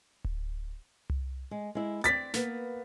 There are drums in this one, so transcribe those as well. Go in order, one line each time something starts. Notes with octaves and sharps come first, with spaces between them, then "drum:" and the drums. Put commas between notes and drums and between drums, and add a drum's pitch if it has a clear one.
drum: kick D1
drum: tom C2
G#3
G#3 E4
C4 C5 D5 A6 B6, drum: hi-hat
A#3 B3 B4, drum: snare